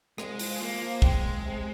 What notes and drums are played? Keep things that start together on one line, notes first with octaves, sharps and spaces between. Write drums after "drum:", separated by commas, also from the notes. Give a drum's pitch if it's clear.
C2 G#3, drum: rim click
F3, drum: open hi-hat
F3 A#3
F3
G#3 C4, drum: kick
C4
C3